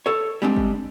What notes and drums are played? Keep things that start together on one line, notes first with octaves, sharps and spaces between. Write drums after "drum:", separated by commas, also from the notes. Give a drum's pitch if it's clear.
A4 C#5
G3 G#3 C4 D4
drum: kick G1